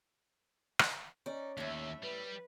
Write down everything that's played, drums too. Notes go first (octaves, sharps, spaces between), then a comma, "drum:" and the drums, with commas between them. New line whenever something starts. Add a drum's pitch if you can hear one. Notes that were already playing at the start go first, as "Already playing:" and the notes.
drum: rim click
C#4 D#4 D5
D#2 A2 A3 E5
G3 B4